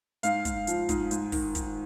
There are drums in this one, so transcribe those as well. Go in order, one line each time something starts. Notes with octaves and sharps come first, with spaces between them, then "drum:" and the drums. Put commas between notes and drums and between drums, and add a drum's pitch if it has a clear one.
G#2 F5, drum: hi-hat
G#2, drum: kick, hi-hat
F3, drum: hi-hat
G#2, drum: kick, hi-hat
G#2, drum: hi-hat
D#3, drum: kick, open hi-hat
D#3, drum: kick, hi-hat